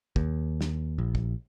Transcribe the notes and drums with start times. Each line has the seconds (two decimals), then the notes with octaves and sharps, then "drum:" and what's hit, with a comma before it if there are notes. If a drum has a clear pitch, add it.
0.16 D#2, drum: kick
0.61 drum: snare
0.98 A#1
1.15 drum: kick